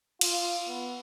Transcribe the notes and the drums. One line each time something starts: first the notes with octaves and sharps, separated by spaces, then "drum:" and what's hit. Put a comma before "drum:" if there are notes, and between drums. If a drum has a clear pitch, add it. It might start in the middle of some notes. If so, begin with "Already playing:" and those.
F4, drum: cymbal
B3